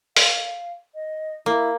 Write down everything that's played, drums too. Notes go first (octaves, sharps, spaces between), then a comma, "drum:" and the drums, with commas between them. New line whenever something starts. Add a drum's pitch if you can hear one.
F5, drum: open hi-hat
D#5
A#3 E4